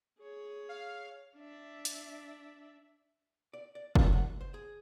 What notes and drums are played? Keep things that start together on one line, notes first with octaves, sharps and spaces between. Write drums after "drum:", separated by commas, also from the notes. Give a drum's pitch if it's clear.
G#4 C#5
F5
D4 E5
drum: hi-hat
D5
D5
F4, drum: kick
F#5
C5
G#4